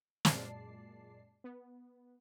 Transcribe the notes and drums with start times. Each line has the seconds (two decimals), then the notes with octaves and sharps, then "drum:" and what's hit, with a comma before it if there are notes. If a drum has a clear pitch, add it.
0.25 F#2 A#2 G#3 D5 A5 C7, drum: snare
1.44 B3